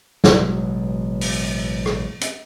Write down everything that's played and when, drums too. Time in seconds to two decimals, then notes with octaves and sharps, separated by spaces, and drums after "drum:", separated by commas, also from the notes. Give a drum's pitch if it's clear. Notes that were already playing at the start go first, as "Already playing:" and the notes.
0.24 A1 B2 F#3 G#3, drum: snare
1.21 drum: open hi-hat
1.86 drum: rim click
2.21 drum: hi-hat